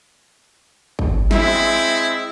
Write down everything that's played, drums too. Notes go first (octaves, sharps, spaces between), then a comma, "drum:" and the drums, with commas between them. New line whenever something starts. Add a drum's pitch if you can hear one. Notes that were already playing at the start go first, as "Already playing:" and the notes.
drum: kick G#1
G#3 C4 E4, drum: snare